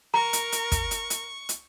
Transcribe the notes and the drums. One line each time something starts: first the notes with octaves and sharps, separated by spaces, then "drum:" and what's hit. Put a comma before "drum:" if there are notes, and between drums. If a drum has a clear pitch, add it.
A#4 A#5 C#6
drum: hi-hat
drum: hi-hat
drum: kick, hi-hat
drum: hi-hat
drum: hi-hat
drum: hi-hat